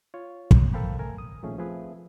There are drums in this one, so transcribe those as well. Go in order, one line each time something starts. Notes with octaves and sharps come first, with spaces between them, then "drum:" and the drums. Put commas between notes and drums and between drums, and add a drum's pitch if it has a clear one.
F4 C#5
drum: kick
A4 A#4 C5 F5 G5 B5
A3 A#4 G#5
D#6
A#2 D#3 F3 A3 C#4 G#4
F3 A3 C4 G#4 B4 E5